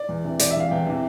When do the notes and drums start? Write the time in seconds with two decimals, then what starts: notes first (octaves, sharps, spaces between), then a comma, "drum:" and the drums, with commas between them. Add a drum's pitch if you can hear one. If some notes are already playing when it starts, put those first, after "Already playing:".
Already playing: D5
0.09 E2
0.24 C3 E3
0.39 E2 D5, drum: hi-hat
0.51 E5
0.56 C3 E3 F5
0.71 E2 G5
0.87 C3 E3